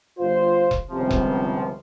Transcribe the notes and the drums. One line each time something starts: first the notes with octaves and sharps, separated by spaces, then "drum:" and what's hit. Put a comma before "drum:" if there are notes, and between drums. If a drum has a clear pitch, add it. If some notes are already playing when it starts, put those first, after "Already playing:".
G1 F4 C5
drum: kick E1
G1 C#2 C3 F3
drum: kick E1